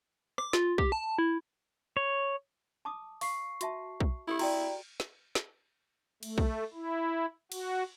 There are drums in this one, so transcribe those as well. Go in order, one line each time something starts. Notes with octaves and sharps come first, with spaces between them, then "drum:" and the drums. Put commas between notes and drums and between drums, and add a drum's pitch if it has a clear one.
D6, drum: rim click
F4, drum: snare
G4, drum: kick
A5
E4
C#5
A5 D6 D#6
F5 C#6 C7, drum: open hi-hat
F#4 E5 A5, drum: hi-hat
drum: kick
E4 G4 A4 B5
F#4 D5 G5 A#5, drum: cymbal
drum: snare
drum: snare
A3, drum: cymbal
drum: kick
E4
F#4, drum: cymbal